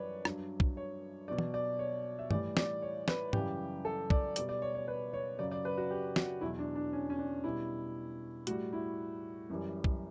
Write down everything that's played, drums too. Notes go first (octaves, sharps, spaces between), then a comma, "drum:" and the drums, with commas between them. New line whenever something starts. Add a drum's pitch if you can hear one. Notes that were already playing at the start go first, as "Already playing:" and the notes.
Already playing: F#2 E3 G3 B4 C#5 D5
G2 F#3, drum: rim click
drum: kick
C#5
B2 F#3 D5
drum: tom
D5
C#5
E5
A2 E3 G3 D5, drum: tom G2
D5, drum: snare
C#5
B4, drum: snare
F#2 C#3 E3 G3 G4, drum: tom G#2
A4
D5, drum: kick
B2 G3 D5, drum: hi-hat
D5
C#5
C#5
B4
C#5
F#2 C#3 F#3 D5
D5
B4
F#4
G4
F#4, drum: snare
E2 B2 F#3 E4
D4
D4
C#4
C#4
D4
B2 G3 E4
A2 G3 F#4, drum: hi-hat
E4
F#2 E3 G3
drum: kick